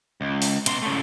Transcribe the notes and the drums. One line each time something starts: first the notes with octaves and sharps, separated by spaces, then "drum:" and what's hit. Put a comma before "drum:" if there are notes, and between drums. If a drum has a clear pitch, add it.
C#2
drum: open hi-hat
B2 C6, drum: hi-hat
C#3 A3